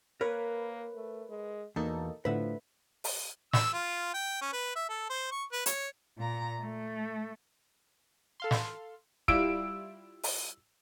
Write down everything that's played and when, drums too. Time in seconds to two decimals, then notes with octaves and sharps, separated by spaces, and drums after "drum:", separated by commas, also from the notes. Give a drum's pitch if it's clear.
0.21 A#3 A#4 B4 C#5
0.95 A3
1.29 G#3
1.76 E2 B2 A#3 D#4 A4
2.25 A2 D3 F3 B4 E5 F#5
3.04 drum: open hi-hat
3.53 E6, drum: snare
3.73 F4
4.14 G5
4.41 C#4
4.53 B4
4.75 E5
4.89 A4
5.10 C5
5.31 C#6
5.52 B4
5.66 C#5, drum: hi-hat
6.19 A#2 A#5
6.60 A3
8.40 A4 F5 C6
8.51 drum: snare
9.28 G3 E4 F4 E6 D7, drum: kick
10.23 drum: open hi-hat